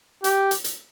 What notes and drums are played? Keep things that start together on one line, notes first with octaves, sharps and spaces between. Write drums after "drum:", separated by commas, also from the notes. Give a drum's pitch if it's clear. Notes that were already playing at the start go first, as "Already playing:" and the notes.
G4, drum: hi-hat
drum: hi-hat
drum: hi-hat